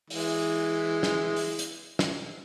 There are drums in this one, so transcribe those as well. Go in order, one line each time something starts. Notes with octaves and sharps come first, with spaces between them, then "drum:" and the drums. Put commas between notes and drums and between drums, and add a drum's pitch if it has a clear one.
E3 G#3, drum: open hi-hat
drum: snare
drum: open hi-hat
drum: hi-hat
drum: snare